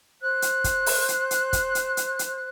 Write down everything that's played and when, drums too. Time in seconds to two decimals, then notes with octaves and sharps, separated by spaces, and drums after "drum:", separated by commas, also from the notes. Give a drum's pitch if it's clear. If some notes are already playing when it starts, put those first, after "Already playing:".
0.20 C5 F#6
0.42 drum: hi-hat
0.64 drum: kick, hi-hat
0.86 drum: open hi-hat
1.09 drum: hi-hat
1.31 drum: hi-hat
1.53 drum: kick, hi-hat
1.75 drum: hi-hat
1.97 drum: hi-hat
2.19 drum: hi-hat